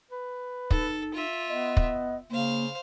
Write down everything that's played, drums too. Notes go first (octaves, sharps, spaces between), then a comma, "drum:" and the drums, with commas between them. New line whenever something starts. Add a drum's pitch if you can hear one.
B4
D#4 A4, drum: kick
F4 E5
B3 D#5
drum: kick
C#3 A#3 C5 F5